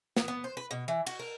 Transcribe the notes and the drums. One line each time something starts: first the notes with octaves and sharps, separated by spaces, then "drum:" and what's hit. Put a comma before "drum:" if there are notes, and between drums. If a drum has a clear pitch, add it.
B3, drum: snare
B3
C5
B4
B2
E3
F#4, drum: cymbal
A#4